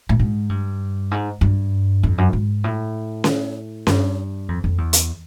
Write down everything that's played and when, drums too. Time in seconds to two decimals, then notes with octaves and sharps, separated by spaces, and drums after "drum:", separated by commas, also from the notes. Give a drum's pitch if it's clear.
0.09 A2
0.19 G#2
0.49 G2
1.11 G#2
1.41 G2
2.03 F2
2.18 F#2
2.33 G#2
2.64 A2
3.24 drum: snare C#4
3.87 G2, drum: snare C#4
4.49 F2
4.64 F2
4.78 E2
4.93 drum: hi-hat